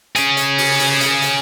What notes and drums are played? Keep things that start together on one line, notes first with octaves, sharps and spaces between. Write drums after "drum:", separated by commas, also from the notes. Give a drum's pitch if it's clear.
C#4 G#4, drum: hi-hat
drum: hi-hat
drum: open hi-hat
drum: open hi-hat
drum: hi-hat
drum: hi-hat